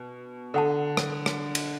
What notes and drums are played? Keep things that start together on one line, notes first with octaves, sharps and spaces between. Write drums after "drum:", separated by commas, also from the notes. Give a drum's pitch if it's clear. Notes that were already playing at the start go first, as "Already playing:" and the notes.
Already playing: B2
D3 A4 F#5 A5
drum: rim click
drum: rim click
drum: cymbal